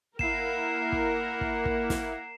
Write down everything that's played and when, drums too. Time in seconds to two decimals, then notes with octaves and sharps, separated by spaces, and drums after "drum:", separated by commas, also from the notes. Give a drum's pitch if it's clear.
0.19 A#3 E4 A#4 F#5 C7 E7, drum: kick
0.92 drum: kick
1.41 drum: kick
1.65 drum: kick
1.90 drum: snare